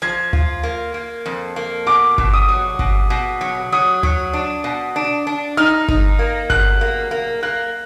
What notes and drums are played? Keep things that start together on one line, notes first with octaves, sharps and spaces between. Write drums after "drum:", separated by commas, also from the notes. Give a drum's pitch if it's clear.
F3 G#6
F4, drum: tom D2
A#3
A#3
F2
A#3
B2 D6
B2, drum: kick G1
D#6
F#3
B2, drum: kick G1
B2
F#3
F#3 D#6
F#3, drum: tom D2
D4
B2
D4
D4
D#4 F6
D#4, drum: kick G1
A#3
B2 F#6, drum: kick G1
A#3
A#3
A#3 F#6